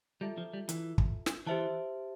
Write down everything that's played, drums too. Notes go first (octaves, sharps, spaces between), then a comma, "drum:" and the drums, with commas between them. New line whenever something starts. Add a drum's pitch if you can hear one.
G3 F4 A4 E5 A5
F3
G3
E3, drum: hi-hat
drum: kick
drum: snare
E3 G4 C5 E5 A5